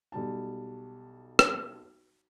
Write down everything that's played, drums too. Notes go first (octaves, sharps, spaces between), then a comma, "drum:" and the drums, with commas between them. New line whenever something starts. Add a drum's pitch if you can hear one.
B1 G3 A5
drum: rim click